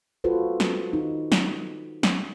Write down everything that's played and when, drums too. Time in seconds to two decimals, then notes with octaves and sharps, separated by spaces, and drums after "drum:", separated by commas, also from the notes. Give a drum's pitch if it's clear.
0.24 F4 F#4 A4 B4 C5
0.60 drum: snare
0.93 D#4
1.32 drum: snare
2.03 drum: snare